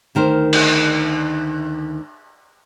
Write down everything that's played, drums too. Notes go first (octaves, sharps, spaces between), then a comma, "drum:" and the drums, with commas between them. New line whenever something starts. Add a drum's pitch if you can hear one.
D2 D#3 A#4 C5
drum: cymbal